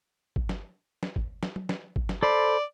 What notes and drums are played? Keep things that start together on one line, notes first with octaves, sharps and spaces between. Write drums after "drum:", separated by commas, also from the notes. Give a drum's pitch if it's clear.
drum: kick
drum: snare
drum: snare
drum: kick
drum: snare
drum: tom F#3
drum: snare
drum: kick
drum: snare
A4 C5 D5 B5